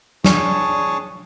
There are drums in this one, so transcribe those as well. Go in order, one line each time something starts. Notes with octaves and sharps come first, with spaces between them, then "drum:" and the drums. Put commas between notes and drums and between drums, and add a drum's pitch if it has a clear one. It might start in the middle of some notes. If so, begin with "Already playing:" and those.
D4 G#4 C#5 A5 C#6 D#6, drum: snare